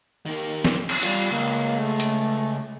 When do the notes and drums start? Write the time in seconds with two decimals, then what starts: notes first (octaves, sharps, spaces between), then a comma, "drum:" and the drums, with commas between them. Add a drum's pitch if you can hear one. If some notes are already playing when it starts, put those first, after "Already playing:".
0.26 D#3 A#3
0.65 drum: snare
0.89 drum: cymbal
1.03 G3 F4, drum: hi-hat
1.31 C#2 A#3
1.80 A3
2.00 drum: hi-hat